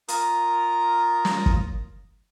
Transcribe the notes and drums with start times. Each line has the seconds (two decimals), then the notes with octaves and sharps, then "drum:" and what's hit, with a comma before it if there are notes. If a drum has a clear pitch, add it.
0.08 F4 A#4 A#5 D#6, drum: hi-hat
1.25 drum: snare
1.46 drum: kick